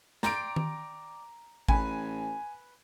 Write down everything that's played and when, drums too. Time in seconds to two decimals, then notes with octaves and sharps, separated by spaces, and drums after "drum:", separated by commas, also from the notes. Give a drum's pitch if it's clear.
0.23 D5 G5 A#5 C6 D7, drum: snare
0.56 drum: tom D#3
1.69 A1 B4 G#5, drum: kick G#1